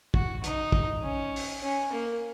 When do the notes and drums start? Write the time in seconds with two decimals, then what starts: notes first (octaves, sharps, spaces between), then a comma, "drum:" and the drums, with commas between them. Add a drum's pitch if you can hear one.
0.14 F#4, drum: kick
0.44 D#4, drum: hi-hat
0.72 drum: kick
1.03 C#4
1.36 drum: open hi-hat
1.62 C#4
1.92 A#3